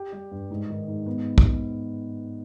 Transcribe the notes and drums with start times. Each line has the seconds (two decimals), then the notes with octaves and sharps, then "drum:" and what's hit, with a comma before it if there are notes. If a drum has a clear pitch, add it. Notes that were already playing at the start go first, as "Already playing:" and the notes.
Already playing: G4
0.12 G3
0.31 G2
0.51 G#2
0.69 D#3
0.88 G#2
1.06 B3
1.38 drum: kick